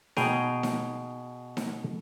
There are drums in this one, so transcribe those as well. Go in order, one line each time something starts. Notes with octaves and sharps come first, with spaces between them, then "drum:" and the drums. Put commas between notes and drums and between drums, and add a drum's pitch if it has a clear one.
B2 G#4 G5 G#5 A#5, drum: snare D#4
drum: snare D#4
drum: snare D#4